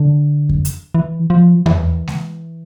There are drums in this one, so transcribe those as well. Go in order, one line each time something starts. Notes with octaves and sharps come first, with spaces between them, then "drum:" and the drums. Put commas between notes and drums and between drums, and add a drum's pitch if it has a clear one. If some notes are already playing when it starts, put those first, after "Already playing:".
Already playing: D3
drum: kick F2
drum: hi-hat
E3
F3
E3, drum: tom E2
drum: snare G#3